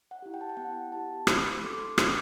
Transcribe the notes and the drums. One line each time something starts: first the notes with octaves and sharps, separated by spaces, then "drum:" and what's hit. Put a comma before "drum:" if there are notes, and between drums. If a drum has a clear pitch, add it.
F#5
E4 G4
G5
A5
G5
B3 F#5
E4 G4 A5
D4 B5, drum: rim click
C6
A4 D6
C6
D4 D6, drum: rim click